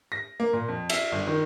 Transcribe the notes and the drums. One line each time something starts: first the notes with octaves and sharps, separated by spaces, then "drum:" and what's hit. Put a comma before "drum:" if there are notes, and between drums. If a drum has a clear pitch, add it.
A#6
A#3
A#2
F2
E5, drum: cymbal
G1
D#3